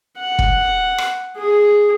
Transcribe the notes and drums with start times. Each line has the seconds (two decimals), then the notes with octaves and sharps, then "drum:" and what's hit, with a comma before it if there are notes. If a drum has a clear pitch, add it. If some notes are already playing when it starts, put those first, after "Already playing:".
0.19 F#5
0.39 drum: kick
0.98 drum: rim click
1.36 G#4